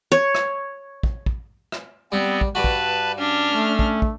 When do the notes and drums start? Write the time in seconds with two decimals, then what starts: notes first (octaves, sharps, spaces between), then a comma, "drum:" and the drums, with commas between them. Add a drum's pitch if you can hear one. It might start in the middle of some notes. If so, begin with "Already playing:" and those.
0.12 C#5
0.35 drum: rim click
1.03 drum: kick
1.26 drum: kick
1.72 drum: rim click
2.12 G3 B3 C4
2.41 drum: kick
2.55 G2 F#4 B4 A5 B5
2.64 drum: kick
3.19 C#4 D4 F6
3.53 A3
3.79 drum: kick
4.02 drum: kick